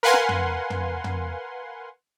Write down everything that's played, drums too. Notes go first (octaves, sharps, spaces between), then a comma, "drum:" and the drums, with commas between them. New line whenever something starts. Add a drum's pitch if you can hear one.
A#4 B4 F5 F#5 G#5 C6
drum: snare
drum: tom
drum: tom
drum: tom